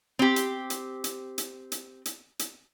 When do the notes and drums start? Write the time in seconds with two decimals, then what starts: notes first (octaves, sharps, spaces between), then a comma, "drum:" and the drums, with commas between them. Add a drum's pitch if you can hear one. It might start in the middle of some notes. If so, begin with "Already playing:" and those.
0.19 C4 G4
0.36 drum: hi-hat
0.70 drum: hi-hat
1.04 drum: hi-hat
1.38 drum: hi-hat
1.72 drum: hi-hat
2.05 drum: hi-hat
2.39 drum: hi-hat